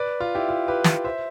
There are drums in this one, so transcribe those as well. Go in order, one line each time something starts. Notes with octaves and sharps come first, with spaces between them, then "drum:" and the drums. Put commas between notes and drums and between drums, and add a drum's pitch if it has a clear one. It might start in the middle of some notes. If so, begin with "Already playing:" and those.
Already playing: B4 D5
F4
E4 G4
F4
G4 B4
drum: snare
C5 E5